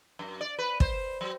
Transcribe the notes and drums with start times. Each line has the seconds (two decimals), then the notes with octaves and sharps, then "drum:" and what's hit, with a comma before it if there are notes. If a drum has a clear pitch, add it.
0.19 F#2
0.41 D5
0.59 B4
0.80 C5, drum: kick
1.21 F#3